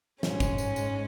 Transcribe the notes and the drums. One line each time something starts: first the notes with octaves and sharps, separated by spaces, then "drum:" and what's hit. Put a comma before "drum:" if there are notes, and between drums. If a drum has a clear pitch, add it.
G#2 G#3 C#4, drum: snare
drum: kick, tambourine
drum: tambourine
drum: tambourine